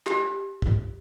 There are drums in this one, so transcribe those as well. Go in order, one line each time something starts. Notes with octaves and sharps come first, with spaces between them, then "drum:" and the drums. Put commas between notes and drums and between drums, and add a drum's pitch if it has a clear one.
G4, drum: clap
drum: kick